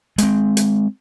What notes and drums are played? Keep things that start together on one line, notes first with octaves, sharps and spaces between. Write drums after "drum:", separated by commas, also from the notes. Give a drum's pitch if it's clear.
G#3 C4, drum: hi-hat
drum: hi-hat